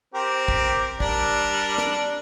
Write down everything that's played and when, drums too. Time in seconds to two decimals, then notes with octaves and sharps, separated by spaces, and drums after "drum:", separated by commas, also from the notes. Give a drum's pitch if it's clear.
0.14 C4 G4 A#4
0.48 drum: kick
1.00 G3 D4 A#4, drum: kick
1.78 drum: snare